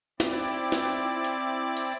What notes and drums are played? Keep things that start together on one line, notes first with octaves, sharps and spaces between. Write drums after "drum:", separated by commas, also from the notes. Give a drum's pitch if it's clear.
C4 E4 D5, drum: snare
drum: snare
drum: hi-hat
drum: hi-hat